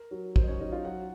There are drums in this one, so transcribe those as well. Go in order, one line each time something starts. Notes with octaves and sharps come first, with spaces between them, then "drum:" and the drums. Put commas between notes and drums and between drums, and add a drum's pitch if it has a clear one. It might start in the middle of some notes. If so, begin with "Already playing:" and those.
Already playing: A#4
F#3
F#3 C5, drum: kick
D#5
C#4 C#5
F#3 D#4 D#5
F4 F5
F#3 F#4 F#5